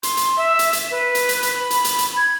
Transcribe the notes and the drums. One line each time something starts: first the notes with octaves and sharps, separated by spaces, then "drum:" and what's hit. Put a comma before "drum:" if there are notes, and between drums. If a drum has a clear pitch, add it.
C6, drum: hi-hat
drum: hi-hat
E5
drum: hi-hat
drum: hi-hat
B4
drum: hi-hat
drum: hi-hat
drum: hi-hat
B5
drum: hi-hat
drum: hi-hat
drum: hi-hat
G#6